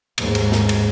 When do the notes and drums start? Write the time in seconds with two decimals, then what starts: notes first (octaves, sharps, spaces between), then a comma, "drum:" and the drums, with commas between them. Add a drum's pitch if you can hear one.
0.18 D#2 G#2, drum: cymbal
0.35 drum: cymbal
0.52 drum: snare
0.69 drum: cymbal